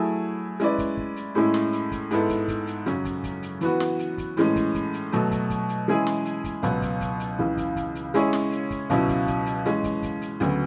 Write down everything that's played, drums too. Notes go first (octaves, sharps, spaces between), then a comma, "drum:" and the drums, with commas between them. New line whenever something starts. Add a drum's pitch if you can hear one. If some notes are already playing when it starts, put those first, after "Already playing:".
Already playing: F#3 A3 E4 G#4
G#3 C#4 E4 B4 D5, drum: hi-hat
drum: kick, hi-hat
drum: kick
drum: hi-hat
A2 G#3 C#4 E4
drum: snare
drum: hi-hat
drum: kick, hi-hat
G#2 G#3 B3 E4 A4, drum: hi-hat
drum: kick, hi-hat
drum: kick, hi-hat
drum: hi-hat
F#2 C#3 F#3 C#4, drum: hi-hat
drum: kick, hi-hat
drum: kick, hi-hat
drum: hi-hat
E3 B3 F#4 B4, drum: hi-hat
drum: snare
drum: hi-hat
drum: kick, hi-hat
A2 E3 G#3 C#4, drum: hi-hat
drum: kick, hi-hat
drum: kick, hi-hat
drum: hi-hat
B2 F#3 A3, drum: hi-hat
drum: kick, hi-hat
drum: kick, hi-hat
drum: hi-hat
E3 G#3 C#4 E4 G#4
drum: snare
drum: hi-hat
drum: kick, hi-hat
C#2 B2 F#3 B3, drum: hi-hat
drum: kick, hi-hat
drum: kick, hi-hat
drum: hi-hat
C#2 C#3 E3
drum: kick, hi-hat
drum: kick, hi-hat
drum: hi-hat
G#3 C#4 E4 G#4 C#5, drum: hi-hat
drum: snare
drum: hi-hat
drum: kick, hi-hat
C#2 B2 F#3 C#4 E4, drum: hi-hat
drum: kick, hi-hat
drum: kick, hi-hat
drum: hi-hat
E3 G#3 C#4, drum: hi-hat
drum: kick, hi-hat
drum: kick, hi-hat
drum: hi-hat
D2 C#3 F#3 B3, drum: hi-hat